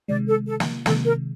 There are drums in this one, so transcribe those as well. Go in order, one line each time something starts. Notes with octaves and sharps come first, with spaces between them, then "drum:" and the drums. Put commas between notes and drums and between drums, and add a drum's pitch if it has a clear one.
C3 D#3 G#3 D5
A4
A4
drum: snare
C3 D#3 G#3 A4, drum: snare
A#4